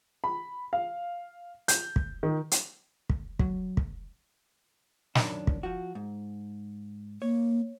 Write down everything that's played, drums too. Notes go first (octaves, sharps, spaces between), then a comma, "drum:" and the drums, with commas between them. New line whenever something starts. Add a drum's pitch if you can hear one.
B5
F5
G6, drum: hi-hat
drum: kick
D#3
drum: hi-hat
drum: kick
F#3, drum: kick
drum: kick
F#2 D#3 D4, drum: snare
drum: kick
F3 F#4
G#2
A#3 C#5